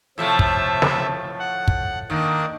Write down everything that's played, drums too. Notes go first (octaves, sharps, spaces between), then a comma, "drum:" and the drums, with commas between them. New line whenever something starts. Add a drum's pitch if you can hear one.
A2 C3 F3 A3 E5
drum: kick
drum: snare
F#5
drum: kick
D#3 A#3 D4